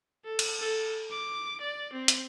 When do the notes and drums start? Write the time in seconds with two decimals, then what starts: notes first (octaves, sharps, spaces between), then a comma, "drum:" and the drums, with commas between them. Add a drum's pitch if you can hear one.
0.25 A4
0.39 drum: cymbal
0.60 A4
1.11 D6
1.61 D5
1.93 C4
2.08 drum: hi-hat